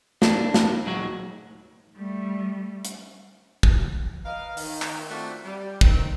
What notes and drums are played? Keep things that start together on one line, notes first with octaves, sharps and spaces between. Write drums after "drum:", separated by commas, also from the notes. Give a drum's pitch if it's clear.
A#3 D4 A4, drum: snare
drum: snare
A#2 F#3 G#3 F#4
G3 A3
drum: hi-hat
drum: kick
A#4 B4 D#5 F5
D#3, drum: open hi-hat
drum: clap
A3 A#3 C4 D4 F4 F#4
G3
D#3 C4, drum: kick